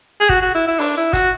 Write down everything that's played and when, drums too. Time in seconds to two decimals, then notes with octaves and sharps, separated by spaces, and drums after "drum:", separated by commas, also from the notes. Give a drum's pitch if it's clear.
0.21 G#4
0.29 F#4, drum: kick
0.42 F#4
0.55 E4
0.68 E4
0.79 D4, drum: open hi-hat
0.97 E4
1.13 F#4, drum: kick, hi-hat